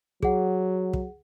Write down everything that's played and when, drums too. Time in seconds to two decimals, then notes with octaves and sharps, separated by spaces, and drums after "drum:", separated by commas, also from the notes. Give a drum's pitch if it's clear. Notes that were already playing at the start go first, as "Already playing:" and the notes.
0.23 F#3 G#4 F#5, drum: kick
0.93 drum: kick